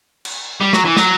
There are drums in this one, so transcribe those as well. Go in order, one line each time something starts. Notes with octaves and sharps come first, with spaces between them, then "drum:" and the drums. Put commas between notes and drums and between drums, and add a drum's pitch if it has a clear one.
drum: cymbal
G3
F#3, drum: snare
E3
F#3, drum: snare